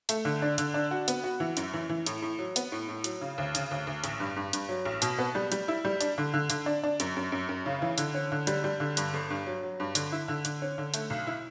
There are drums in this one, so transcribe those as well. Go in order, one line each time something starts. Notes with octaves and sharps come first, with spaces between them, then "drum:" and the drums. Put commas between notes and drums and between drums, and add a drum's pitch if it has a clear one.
A3, drum: hi-hat
D3
D4
D3, drum: hi-hat
D4
F#4
B3, drum: hi-hat
F#4
E3
F#2, drum: hi-hat
E3
E3
A2, drum: hi-hat
A2
F#3
B3, drum: hi-hat
A2
A2
F#3, drum: hi-hat
C#3
D2
C#3, drum: hi-hat
D2
D2
A1, drum: hi-hat
G2
G2
G2, drum: hi-hat
F#3
A1
B2, drum: hi-hat
B3
G3
G3, drum: hi-hat
E4
G3
D4, drum: hi-hat
D3
D3
D3, drum: hi-hat
D4
D4
F#2, drum: hi-hat
F#2
F#2
F#2
C#3
E3
D3, drum: hi-hat
C#4
D3
G3, drum: hi-hat
G3
D3
G2, drum: hi-hat
G1
G2
F#3
F#3
G2
D3, drum: hi-hat
E4
D3
D3, drum: hi-hat
C#4
D3
A3, drum: hi-hat
B1
E4